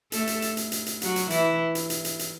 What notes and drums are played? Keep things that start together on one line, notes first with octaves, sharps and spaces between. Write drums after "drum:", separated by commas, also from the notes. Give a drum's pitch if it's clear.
A3 A4, drum: hi-hat
drum: hi-hat
drum: hi-hat
drum: hi-hat
drum: hi-hat
drum: hi-hat
F#3 F#4, drum: hi-hat
drum: hi-hat
E3 E4, drum: hi-hat
drum: hi-hat
drum: hi-hat
drum: hi-hat
drum: hi-hat